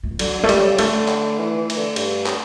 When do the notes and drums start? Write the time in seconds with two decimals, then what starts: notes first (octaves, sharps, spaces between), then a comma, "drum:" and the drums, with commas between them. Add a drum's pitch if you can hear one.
0.03 A3
0.11 G3
0.19 D3 F#3, drum: cymbal
0.39 D3 A3
0.49 G3, drum: cymbal
0.58 C#3
0.70 C#3
0.79 D3 A3, drum: cymbal
1.08 drum: clap
1.38 E3
1.57 E3
1.70 E3, drum: cymbal
1.77 D3
1.96 G2, drum: cymbal
2.26 drum: clap